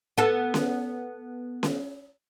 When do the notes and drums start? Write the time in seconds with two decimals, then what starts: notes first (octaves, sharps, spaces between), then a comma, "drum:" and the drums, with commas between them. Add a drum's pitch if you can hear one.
0.18 B3 A4
0.54 drum: snare C#4
1.63 drum: snare C#4